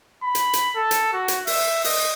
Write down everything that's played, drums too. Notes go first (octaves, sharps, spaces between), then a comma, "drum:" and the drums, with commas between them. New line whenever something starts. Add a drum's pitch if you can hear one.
B5
drum: hi-hat
drum: hi-hat
A4
drum: hi-hat
F#4
drum: hi-hat
E5, drum: open hi-hat
D#5, drum: open hi-hat